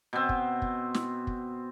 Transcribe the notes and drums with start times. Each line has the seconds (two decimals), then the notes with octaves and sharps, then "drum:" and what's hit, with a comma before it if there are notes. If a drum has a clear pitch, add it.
0.13 B2 C4
0.29 drum: kick
0.62 drum: kick
0.94 drum: snare
1.27 drum: kick